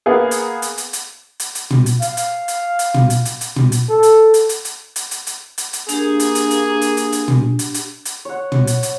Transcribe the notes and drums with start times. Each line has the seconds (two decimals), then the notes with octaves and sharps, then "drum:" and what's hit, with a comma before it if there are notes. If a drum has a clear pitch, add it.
0.06 A#3 B3 G#4
0.31 drum: hi-hat
0.62 drum: hi-hat
0.78 drum: hi-hat
0.93 drum: hi-hat
1.40 drum: hi-hat
1.55 drum: hi-hat
1.71 drum: tom
1.86 drum: hi-hat
2.02 F5, drum: hi-hat
2.17 drum: hi-hat
2.48 drum: hi-hat
2.79 drum: hi-hat
2.94 drum: tom
3.10 drum: hi-hat
3.25 drum: hi-hat
3.41 drum: hi-hat
3.56 drum: tom
3.72 drum: hi-hat
3.90 A4
4.03 drum: hi-hat
4.34 drum: hi-hat
4.49 drum: hi-hat
4.65 drum: hi-hat
4.96 drum: hi-hat
5.11 drum: hi-hat
5.27 drum: hi-hat
5.58 drum: hi-hat
5.73 drum: hi-hat
5.89 A#3 D4 G4 G#4, drum: hi-hat
6.20 drum: hi-hat
6.35 drum: hi-hat
6.51 drum: hi-hat
6.81 drum: hi-hat
6.97 drum: hi-hat
7.12 drum: hi-hat
7.28 drum: tom
7.59 drum: hi-hat
7.74 drum: hi-hat
8.05 drum: hi-hat
8.25 C#5 F#5
8.52 drum: tom
8.67 drum: hi-hat
8.83 drum: hi-hat